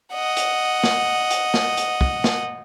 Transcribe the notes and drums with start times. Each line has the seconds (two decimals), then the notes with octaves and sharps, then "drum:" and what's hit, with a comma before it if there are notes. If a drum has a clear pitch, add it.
0.13 D#5 F#5
0.37 drum: hi-hat
0.84 drum: snare
1.30 drum: hi-hat
1.54 drum: snare
1.77 drum: hi-hat
2.01 drum: kick
2.24 drum: snare